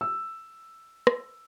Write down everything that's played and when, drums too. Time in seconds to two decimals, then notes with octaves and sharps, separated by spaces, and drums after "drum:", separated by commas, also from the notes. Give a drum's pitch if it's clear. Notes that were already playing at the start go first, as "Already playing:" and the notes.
0.01 E6
1.07 drum: rim click